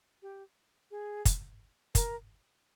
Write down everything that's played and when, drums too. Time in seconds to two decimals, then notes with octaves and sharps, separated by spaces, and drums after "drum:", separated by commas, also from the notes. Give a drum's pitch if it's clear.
0.22 G4
0.91 G#4
1.25 drum: kick, hi-hat
1.95 A#4, drum: kick, hi-hat